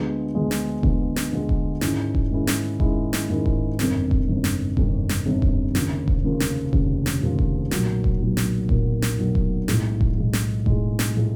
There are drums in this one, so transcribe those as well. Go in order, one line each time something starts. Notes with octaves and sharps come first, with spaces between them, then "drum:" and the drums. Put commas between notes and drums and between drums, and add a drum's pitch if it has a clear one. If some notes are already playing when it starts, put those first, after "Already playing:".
Already playing: D2 D3 F3 G#3 B3
D2 D3 F3 G#3 B3
drum: snare
D2 D3 F3 G#3 B3, drum: kick E1
drum: snare
D2 D3 F3 G#3 B3
drum: kick E1
G#2 D#3 G#3 C#4 E4, drum: snare
drum: kick E1
G#2 D#3 G#3 C#4 E4
drum: snare
G#2 D#3 G#3 C#4 E4, drum: kick E1
drum: snare
G#2 D#3 G#3 C#4 E4
drum: kick E1
G1 F2 C3 D#3, drum: snare
drum: kick E1
G1 F2 C3 D#3
drum: snare
G1 F2 C3 D#3, drum: kick E1
drum: snare
G1 F2 C3 D#3
drum: kick E1
F1 D#2 C#3 F3, drum: snare
drum: kick E1
F1 D#2 C#3 F3
drum: snare
F1 D#2 C#3 F3, drum: kick E1
drum: snare
F1 D#2 C#3 F3
drum: kick E1
B1 A#2 F#3, drum: snare
drum: kick E1
B1 A#2 F#3
drum: snare
B1 A#2 F#3, drum: kick E1
drum: snare
B1 A#2 F#3
drum: kick E1
B1 A2 F3 G#3, drum: snare
drum: kick E1
B1 A2 F3 G#3
drum: snare
B1 A2 F3 G#3, drum: kick E1
drum: snare
A2 F3 G#3